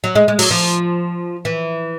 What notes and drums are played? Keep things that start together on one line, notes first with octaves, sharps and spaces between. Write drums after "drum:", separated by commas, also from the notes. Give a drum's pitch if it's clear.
F#3
G#3
G#3
F#3, drum: open hi-hat
F3
E3